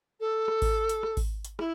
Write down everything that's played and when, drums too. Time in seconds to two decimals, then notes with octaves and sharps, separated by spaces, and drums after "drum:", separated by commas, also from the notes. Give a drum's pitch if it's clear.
0.20 A4
0.48 drum: rim click
0.62 drum: kick G#1, open hi-hat
0.89 drum: hi-hat
1.03 drum: rim click
1.17 drum: kick G#1, open hi-hat
1.45 drum: hi-hat
1.59 E4, drum: rim click